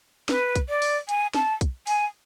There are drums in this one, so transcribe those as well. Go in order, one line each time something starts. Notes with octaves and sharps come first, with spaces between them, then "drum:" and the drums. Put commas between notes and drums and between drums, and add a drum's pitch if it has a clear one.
B4, drum: snare
drum: kick B1, hi-hat
D5
drum: open hi-hat
G#5, drum: hi-hat
A5, drum: snare
drum: kick B1, hi-hat
G#5, drum: open hi-hat